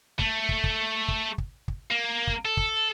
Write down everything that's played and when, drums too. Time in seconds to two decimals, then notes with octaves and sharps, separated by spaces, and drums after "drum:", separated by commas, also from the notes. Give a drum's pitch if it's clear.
0.19 A3, drum: kick
0.49 drum: kick
0.64 drum: kick
1.08 drum: kick
1.38 drum: kick
1.68 drum: kick
1.91 A#3
2.27 drum: kick
2.45 A4
2.57 drum: kick